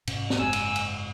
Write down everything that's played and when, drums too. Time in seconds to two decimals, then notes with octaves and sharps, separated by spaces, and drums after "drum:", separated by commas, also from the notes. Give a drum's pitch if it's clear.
0.07 G#2 C3 C#4, drum: cymbal
0.30 drum: snare
0.39 F#1 G#2 C4 G#5 E6
0.53 drum: cymbal
0.76 drum: cymbal